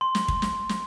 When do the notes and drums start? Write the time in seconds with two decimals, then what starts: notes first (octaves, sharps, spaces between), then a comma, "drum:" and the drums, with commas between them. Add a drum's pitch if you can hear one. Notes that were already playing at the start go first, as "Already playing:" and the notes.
0.01 C6
0.15 drum: snare
0.28 drum: kick
0.42 drum: snare
0.69 drum: snare